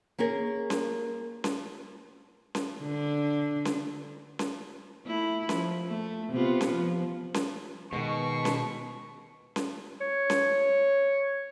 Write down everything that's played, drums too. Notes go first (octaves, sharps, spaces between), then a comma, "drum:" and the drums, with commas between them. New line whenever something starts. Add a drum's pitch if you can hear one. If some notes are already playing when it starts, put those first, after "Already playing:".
A#3 C#4 G#4 A#4
drum: snare C#4
drum: snare C#4
drum: snare C#4
D3
drum: snare C#4
drum: snare C#4
A3 E4
F3, drum: snare C#4
A3
C3 B3 F4
drum: snare C#4
F3
drum: snare C#4
B2 D#3 G#3 C#6
drum: snare C#4
drum: snare C#4
C#5
drum: snare C#4